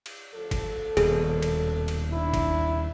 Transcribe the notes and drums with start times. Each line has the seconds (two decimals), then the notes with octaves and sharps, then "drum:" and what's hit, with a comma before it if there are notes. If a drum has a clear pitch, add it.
0.06 drum: cymbal
0.34 D2 F3 A4
0.51 drum: kick F#1, cymbal
0.97 D#1 B2 G#4, drum: cymbal
1.42 drum: cymbal
1.88 drum: cymbal
2.13 D4 E4
2.34 drum: kick F#1, cymbal